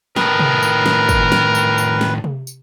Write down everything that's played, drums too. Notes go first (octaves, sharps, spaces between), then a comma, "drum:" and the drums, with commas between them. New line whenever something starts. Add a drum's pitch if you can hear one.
A2 D#3 A#4 B4, drum: snare
drum: tom C3
drum: tambourine
drum: snare
drum: kick, tambourine
drum: snare
drum: tambourine
drum: tambourine
drum: snare
drum: tom C3
drum: tambourine